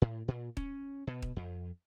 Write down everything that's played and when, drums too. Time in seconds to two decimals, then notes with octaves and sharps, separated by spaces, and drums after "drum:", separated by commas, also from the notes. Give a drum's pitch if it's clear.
0.02 A2
0.28 A#2
0.57 C#4, drum: kick D#1
1.07 B2
1.22 drum: kick D#1
1.36 F2